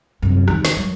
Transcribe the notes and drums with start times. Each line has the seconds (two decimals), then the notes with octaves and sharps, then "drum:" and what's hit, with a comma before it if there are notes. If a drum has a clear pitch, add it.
0.22 F#2 C3
0.48 E2 D#3, drum: rim click
0.65 drum: snare
0.77 F#3